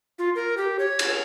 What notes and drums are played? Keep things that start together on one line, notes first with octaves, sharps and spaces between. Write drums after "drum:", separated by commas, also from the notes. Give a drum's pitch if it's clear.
F4
A#4
G4
C#5
drum: cymbal